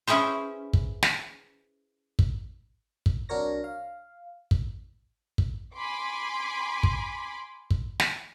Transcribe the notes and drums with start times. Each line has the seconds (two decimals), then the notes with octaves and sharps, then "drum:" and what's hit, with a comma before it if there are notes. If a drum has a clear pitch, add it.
0.07 C#4 E4 G#4 B4 C5
0.73 drum: kick
1.03 drum: snare
2.19 drum: kick
3.06 drum: kick
3.29 C2 D4 F#4 A#4 C#5 A#6
3.64 F5
4.51 drum: kick
5.38 drum: kick
5.75 G#5 B5 C6 D6
6.83 drum: kick
7.70 drum: kick
8.00 drum: snare